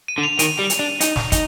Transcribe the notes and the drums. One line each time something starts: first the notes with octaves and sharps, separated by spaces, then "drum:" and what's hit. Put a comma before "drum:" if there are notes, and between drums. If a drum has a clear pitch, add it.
D#7
D3
F7
D#3 D#7, drum: hi-hat
G3
drum: hi-hat
D4
D#4, drum: hi-hat
drum: snare
D#4, drum: kick, hi-hat